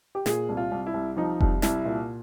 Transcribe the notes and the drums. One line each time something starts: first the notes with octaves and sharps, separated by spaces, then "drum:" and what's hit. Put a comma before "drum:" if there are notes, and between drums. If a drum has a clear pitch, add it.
G4
A#2 G#4, drum: snare
C2
F4
C2
E4
C2
F3 D#4
C2, drum: kick F1
C2 E4, drum: snare
A#2